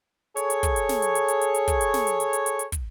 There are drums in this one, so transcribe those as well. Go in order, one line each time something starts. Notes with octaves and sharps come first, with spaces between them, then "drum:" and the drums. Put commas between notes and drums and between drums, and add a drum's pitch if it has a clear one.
G#4 A4 C#5, drum: hi-hat
drum: hi-hat
drum: kick, hi-hat
drum: hi-hat
drum: snare
drum: hi-hat
drum: hi-hat
drum: hi-hat
drum: hi-hat
drum: hi-hat
drum: kick, hi-hat
drum: hi-hat
drum: snare
drum: hi-hat
drum: hi-hat
drum: hi-hat
drum: hi-hat
drum: hi-hat
drum: kick, hi-hat